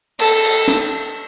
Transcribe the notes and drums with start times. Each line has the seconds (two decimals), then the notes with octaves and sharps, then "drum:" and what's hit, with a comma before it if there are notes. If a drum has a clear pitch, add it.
0.19 A4, drum: cymbal
0.45 drum: cymbal
0.68 drum: snare